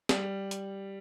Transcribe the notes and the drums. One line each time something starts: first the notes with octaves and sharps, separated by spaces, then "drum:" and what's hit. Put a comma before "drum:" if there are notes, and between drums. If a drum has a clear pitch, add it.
G3, drum: snare
drum: hi-hat